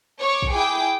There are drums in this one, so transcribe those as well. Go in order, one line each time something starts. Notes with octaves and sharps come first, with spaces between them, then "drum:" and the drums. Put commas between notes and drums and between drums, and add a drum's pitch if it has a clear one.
C#5 C#6 D6
drum: kick
E4 G#4 G5 D6